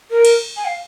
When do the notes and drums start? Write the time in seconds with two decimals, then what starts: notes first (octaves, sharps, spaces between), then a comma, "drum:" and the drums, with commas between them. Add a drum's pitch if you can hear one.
0.11 A#4
0.25 drum: cymbal
0.56 G#5
0.65 F5